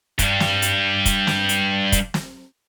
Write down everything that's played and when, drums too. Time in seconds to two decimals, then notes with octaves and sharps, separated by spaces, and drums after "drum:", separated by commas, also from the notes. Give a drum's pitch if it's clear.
0.19 G2 G3, drum: kick, hi-hat
0.40 drum: snare
0.62 drum: hi-hat
1.05 drum: kick, hi-hat
1.27 drum: snare
1.49 drum: hi-hat
1.92 drum: kick, hi-hat
2.14 drum: snare